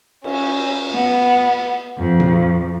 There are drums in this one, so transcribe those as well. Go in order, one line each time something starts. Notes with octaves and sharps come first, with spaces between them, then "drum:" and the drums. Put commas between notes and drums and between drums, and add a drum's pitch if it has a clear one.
C#4, drum: cymbal
B3
F2
drum: tom A#2